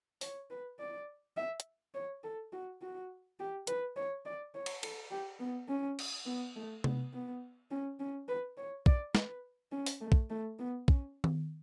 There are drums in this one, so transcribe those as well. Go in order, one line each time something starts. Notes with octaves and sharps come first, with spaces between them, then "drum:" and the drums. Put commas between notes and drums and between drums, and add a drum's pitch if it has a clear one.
C#5, drum: open hi-hat
B4
D5
E5
drum: hi-hat
C#5
A4
F#4
F#4
G4
B4, drum: hi-hat
C#5
D5
C#5
drum: cymbal
A4, drum: cymbal
G4
B3
C#4
drum: cymbal
B3
A3
B3, drum: tom C3
B3
C#4
C#4
B4
C#5
D5, drum: kick
B4, drum: snare
C#4
drum: open hi-hat
A3
drum: kick
A3
B3
C#4, drum: kick
drum: tom D#3